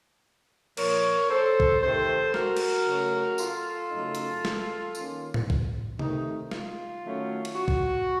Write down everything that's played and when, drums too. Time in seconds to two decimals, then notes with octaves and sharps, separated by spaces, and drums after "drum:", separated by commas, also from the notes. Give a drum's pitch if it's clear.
0.77 A#2 F3 A#3 A#4 C#5, drum: cymbal
1.30 A4 C5
1.60 drum: kick
1.82 C3 D#3 A3 C4 A4 C5
2.34 F#4 A#4, drum: snare
2.57 drum: cymbal
2.86 C#3 F#3 A3
3.38 F4 A4, drum: tambourine
3.91 F#2 C#3 A3 D#4
4.15 drum: hi-hat
4.45 drum: snare
4.95 D#3 A#3 C#4, drum: tambourine
5.34 drum: tom A2
5.50 drum: kick
5.99 C3 D#3 A3 D#4, drum: tom C3
6.51 F4, drum: snare
7.04 D#3 F#3 A3 C#4
7.45 drum: cymbal
7.56 F#4
7.68 drum: kick